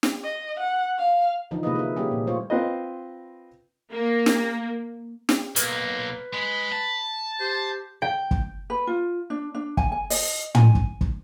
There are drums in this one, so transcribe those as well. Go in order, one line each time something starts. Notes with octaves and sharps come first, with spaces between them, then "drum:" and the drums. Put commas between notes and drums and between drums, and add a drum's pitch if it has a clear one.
drum: snare
D#5
F#5
F5
D3 E3 F3 D#4
C3 G#3 A#3 D#4 B4 D#5
E4 A#4
G3 A#3 C#4 G4 G#4
A#2
G3 A3 F4 C5 C#5
C4 F4 B4 D#5
A#3
drum: snare
drum: snare
B1 A#3 B4, drum: hi-hat
G#3 B5
A5
G4 C5
G5
drum: kick
B4
F4
D4
D4
G#5, drum: kick
G#5
D#5, drum: open hi-hat
G#5, drum: tom
drum: kick
drum: kick